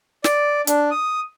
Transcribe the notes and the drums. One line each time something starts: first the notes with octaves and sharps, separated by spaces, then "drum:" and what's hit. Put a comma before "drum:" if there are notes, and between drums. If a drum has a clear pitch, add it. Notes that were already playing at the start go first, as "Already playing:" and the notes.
D5, drum: snare
D4, drum: hi-hat
D#6